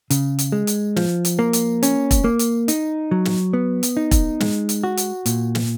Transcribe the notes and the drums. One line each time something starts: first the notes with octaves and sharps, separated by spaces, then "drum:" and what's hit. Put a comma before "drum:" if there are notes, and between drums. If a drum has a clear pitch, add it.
C#3, drum: hi-hat
drum: hi-hat
G#3
drum: hi-hat
F3, drum: snare
drum: hi-hat
A#3
drum: hi-hat
C#4, drum: hi-hat
drum: kick E1, hi-hat
A#3
drum: hi-hat
D#4, drum: hi-hat
F#3
drum: snare
B3
drum: hi-hat
D#4
drum: kick E1, hi-hat
G#3, drum: snare
drum: hi-hat
F#4
drum: hi-hat
A#2, drum: hi-hat
drum: snare